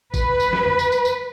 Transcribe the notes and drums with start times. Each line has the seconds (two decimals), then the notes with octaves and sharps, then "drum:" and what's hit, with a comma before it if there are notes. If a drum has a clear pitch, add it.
0.14 B4, drum: kick, tambourine
0.40 drum: tambourine
0.53 drum: snare
0.66 drum: tom
0.79 drum: tambourine
0.92 drum: tambourine
1.05 drum: tambourine